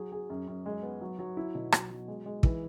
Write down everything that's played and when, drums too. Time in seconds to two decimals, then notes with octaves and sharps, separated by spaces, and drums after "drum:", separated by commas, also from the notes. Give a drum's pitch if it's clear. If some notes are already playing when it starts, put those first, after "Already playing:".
Already playing: F#3 G#4
0.12 G#4
0.30 F#2
0.48 F#2
0.66 G#3
0.83 B3
1.01 F#3
1.19 F#3
1.37 E4
1.55 B2
1.72 F#3, drum: rim click
1.90 F#3
2.08 G#3
2.26 G#3
2.43 E3, drum: kick